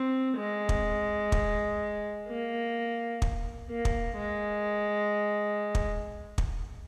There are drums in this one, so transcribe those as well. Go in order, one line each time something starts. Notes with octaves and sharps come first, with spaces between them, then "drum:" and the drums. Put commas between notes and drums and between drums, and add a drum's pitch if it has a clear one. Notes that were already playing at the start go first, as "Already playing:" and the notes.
Already playing: C4
G#3
drum: kick
drum: kick
A#3
drum: kick
A#3
drum: kick
G#3
drum: kick
drum: kick